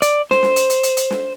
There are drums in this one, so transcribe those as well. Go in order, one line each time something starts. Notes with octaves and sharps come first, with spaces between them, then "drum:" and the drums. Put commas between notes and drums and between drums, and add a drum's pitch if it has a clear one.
D5, drum: hi-hat
C5, drum: snare
drum: snare
drum: hi-hat
drum: hi-hat
drum: hi-hat
drum: hi-hat
drum: snare